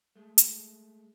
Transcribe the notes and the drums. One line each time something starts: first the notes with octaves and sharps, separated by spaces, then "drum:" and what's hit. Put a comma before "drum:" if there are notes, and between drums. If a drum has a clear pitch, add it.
G#3 A3
drum: hi-hat